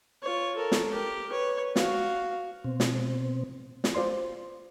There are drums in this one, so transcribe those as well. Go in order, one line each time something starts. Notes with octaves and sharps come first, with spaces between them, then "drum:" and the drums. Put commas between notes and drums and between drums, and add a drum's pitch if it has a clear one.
F4 C#5
A4 A#4
drum: snare
G4 A#4
B4 C#5
F#4 F5, drum: snare
B2 C4
drum: snare
drum: snare
F4 C5 D5 C6